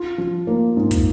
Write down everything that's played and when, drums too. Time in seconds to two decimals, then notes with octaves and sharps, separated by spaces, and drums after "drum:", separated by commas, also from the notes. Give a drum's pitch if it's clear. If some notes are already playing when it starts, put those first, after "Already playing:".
Already playing: F4
0.18 F3
0.47 A#3
0.77 G#2
0.91 drum: kick, hi-hat